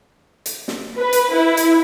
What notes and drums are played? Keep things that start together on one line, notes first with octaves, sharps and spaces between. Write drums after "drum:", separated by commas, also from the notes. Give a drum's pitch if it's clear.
drum: hi-hat
drum: snare
B4
drum: hi-hat
E4
drum: hi-hat